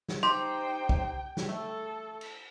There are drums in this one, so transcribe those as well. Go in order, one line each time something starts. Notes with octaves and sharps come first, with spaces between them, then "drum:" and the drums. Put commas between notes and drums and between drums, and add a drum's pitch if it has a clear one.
drum: snare
D#4 G4 C5 G5 C6
drum: kick
drum: snare
A3 A4
drum: cymbal